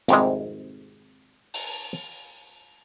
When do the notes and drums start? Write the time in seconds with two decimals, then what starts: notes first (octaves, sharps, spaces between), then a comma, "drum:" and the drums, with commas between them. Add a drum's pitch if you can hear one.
0.08 G#1 F2 G#2 C3 G3 G#3, drum: hi-hat
1.54 drum: open hi-hat